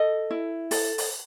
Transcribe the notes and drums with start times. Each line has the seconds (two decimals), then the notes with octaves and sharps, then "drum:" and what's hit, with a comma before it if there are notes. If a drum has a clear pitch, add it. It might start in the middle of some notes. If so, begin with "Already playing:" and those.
Already playing: A4 D#5
0.31 E4
0.71 A4, drum: open hi-hat
0.98 drum: open hi-hat